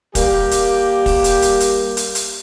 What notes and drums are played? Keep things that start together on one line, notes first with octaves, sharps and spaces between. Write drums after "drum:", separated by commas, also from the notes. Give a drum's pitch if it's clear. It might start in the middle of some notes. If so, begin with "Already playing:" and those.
G3 A#3 G4, drum: kick, hi-hat
drum: hi-hat
drum: kick, open hi-hat
drum: hi-hat
drum: hi-hat
drum: hi-hat
drum: hi-hat
drum: hi-hat